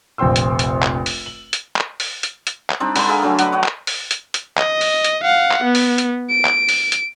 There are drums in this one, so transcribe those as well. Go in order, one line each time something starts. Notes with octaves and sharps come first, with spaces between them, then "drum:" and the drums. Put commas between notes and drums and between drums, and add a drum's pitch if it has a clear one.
F1 A#1 C4 G5 C6 E6
drum: hi-hat
drum: hi-hat
drum: clap
drum: open hi-hat
F#7
drum: hi-hat
drum: clap
drum: open hi-hat
drum: hi-hat
drum: hi-hat
drum: clap
G3 C4 D4 D#4
D3 G3 B4 B5, drum: open hi-hat
G#4 A#4 E5 F5
D3 F#3 A3
B4 D5 D#5 F#5, drum: hi-hat
C#5 D#5 F#5
drum: clap
drum: open hi-hat
drum: hi-hat
drum: hi-hat
D#5, drum: clap
drum: open hi-hat
drum: hi-hat
F5 F#5
drum: clap
B3
drum: open hi-hat
drum: hi-hat
D7
drum: clap
drum: open hi-hat
drum: hi-hat